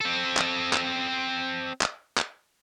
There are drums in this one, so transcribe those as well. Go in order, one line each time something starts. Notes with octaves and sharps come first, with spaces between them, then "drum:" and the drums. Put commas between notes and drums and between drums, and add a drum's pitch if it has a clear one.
C4 A4
drum: clap
drum: clap
drum: clap
drum: clap